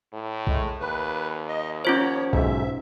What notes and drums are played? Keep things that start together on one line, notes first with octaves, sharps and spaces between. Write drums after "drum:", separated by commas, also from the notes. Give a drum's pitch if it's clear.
A2
G#3 A3, drum: kick
D#2 B4
D#5
F3 C#4 F4 C5 C#5
B1 G#2 E5, drum: kick